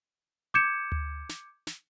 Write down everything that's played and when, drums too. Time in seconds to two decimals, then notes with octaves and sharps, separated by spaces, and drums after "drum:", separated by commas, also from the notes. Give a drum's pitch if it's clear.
0.54 D6 G6 G#6 C#7 E7
0.92 drum: tom D2
1.29 drum: snare
1.67 drum: snare